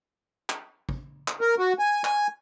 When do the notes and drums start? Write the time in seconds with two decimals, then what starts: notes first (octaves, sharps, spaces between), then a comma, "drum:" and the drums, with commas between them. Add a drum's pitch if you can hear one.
0.50 drum: clap
0.89 drum: kick
1.28 drum: clap
1.41 A#4
1.59 F#4
1.79 G#5
2.05 G#5, drum: clap